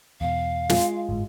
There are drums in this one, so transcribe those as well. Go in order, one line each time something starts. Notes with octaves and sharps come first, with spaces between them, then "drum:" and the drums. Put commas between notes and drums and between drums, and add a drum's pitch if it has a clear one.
E2 B2 F5
G#3 F4, drum: snare
G1 G#2